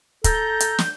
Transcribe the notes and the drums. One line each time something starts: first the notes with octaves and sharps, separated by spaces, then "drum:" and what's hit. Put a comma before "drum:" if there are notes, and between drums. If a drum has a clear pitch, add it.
A4 A#5 G6, drum: kick, hi-hat
drum: hi-hat
drum: snare